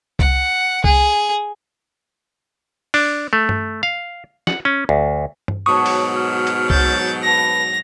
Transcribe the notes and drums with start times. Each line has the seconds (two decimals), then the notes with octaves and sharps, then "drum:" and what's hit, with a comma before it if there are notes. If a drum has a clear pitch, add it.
0.19 F#5, drum: kick C2
0.84 G#4, drum: kick C2
2.94 D4, drum: open hi-hat
3.33 A3
3.49 drum: tom G2
3.83 F5
4.47 F#5, drum: snare
4.65 C#4
4.89 D2
5.48 drum: tom G2
5.66 G#2 B2 F#3 C#5 F#5 A5 C#6 D#6
5.86 drum: open hi-hat
6.16 F6
6.47 drum: hi-hat
6.70 G6 A6, drum: kick C2
7.23 B4 A5 A#6 F7